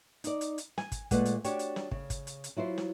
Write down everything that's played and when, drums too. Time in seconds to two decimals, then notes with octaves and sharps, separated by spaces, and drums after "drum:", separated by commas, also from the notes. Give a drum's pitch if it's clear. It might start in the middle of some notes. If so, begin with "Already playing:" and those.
0.24 D#4 D5, drum: hi-hat
0.41 drum: hi-hat
0.58 drum: hi-hat
0.78 G#5, drum: snare
0.92 drum: kick, hi-hat
1.11 A#2 G#3 A3 B4 F#5, drum: kick, hi-hat
1.25 drum: hi-hat
1.44 D4 F#4 G4 C#5, drum: hi-hat
1.59 drum: hi-hat
1.76 drum: snare
1.91 C#3, drum: kick
2.10 drum: kick, hi-hat
2.27 drum: hi-hat
2.44 drum: hi-hat
2.57 F#3 E4 F4 C5
2.78 drum: snare